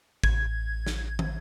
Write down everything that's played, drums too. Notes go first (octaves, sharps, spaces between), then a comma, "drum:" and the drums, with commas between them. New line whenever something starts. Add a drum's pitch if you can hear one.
A1 G#6, drum: kick
drum: snare
drum: tom